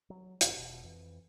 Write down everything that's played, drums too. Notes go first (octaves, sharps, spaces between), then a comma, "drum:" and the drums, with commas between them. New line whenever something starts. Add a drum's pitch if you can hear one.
F#3
G#1 G2 C3 D#3, drum: hi-hat
E1 A#1 B2
F2 E3